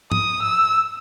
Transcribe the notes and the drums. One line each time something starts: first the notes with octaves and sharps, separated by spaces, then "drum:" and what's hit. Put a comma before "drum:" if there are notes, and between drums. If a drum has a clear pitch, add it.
D#6, drum: tom
E6